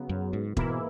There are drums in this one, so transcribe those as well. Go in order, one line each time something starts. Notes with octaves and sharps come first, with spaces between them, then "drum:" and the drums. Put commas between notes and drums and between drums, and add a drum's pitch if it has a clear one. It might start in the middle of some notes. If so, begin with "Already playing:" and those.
Already playing: C#3 F#3 B3
F#2
G#2
G#2 B2 E3 A#3 E4, drum: kick E1